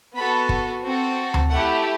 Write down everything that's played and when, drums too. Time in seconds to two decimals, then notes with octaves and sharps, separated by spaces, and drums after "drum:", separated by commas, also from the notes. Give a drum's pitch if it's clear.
0.15 B3 F#4 A4 B5
0.49 drum: kick
0.83 C4 F#4 A4
1.34 drum: tom D2
1.50 A3 E4 G4 F#5